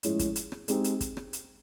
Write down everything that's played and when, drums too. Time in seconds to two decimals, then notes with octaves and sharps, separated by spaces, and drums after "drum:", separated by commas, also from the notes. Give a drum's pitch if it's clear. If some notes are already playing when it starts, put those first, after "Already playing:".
0.03 A2 F3 G#3 C#4 E4, drum: hi-hat
0.19 drum: kick, hi-hat
0.36 drum: hi-hat
0.52 drum: rim click
0.68 G#3 C4 D#4 G4, drum: hi-hat
0.84 drum: hi-hat
1.00 drum: kick, hi-hat
1.17 drum: rim click
1.33 drum: hi-hat